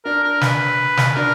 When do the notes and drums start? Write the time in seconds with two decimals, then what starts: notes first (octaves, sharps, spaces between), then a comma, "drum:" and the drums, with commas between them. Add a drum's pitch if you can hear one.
0.05 D4 A#4
0.24 A#4
0.41 B4, drum: snare
0.97 drum: snare
1.16 D4 A#4